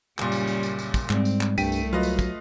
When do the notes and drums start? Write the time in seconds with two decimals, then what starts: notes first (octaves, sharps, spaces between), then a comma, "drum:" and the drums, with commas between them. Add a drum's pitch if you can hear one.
0.19 F#1 A#2 G3 C#4, drum: clap
0.32 drum: tambourine
0.47 drum: tambourine
0.63 drum: tambourine
0.79 drum: tambourine
0.94 drum: kick, tambourine
1.10 G#2 G3 C4, drum: clap
1.25 drum: tambourine
1.41 drum: clap
1.58 C2 G2 A3 G5 B6 D#7, drum: tambourine
1.72 drum: tambourine
1.93 F#3 F4 B4 D#5
2.03 drum: tambourine
2.19 drum: kick, tambourine